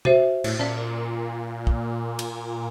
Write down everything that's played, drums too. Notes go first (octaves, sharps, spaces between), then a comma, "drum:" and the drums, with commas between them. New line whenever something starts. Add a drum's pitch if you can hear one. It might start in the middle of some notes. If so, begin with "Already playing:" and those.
F#4 C5 E5, drum: tom B2
A2, drum: cymbal
A#2 C#4 D5
drum: kick
drum: cymbal